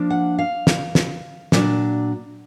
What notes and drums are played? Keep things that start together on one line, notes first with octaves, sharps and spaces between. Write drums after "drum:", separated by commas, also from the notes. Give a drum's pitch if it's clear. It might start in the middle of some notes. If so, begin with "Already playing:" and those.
Already playing: F3 A#3 D4
F#5
F5
drum: snare
drum: snare
A#2 F#3 D4, drum: snare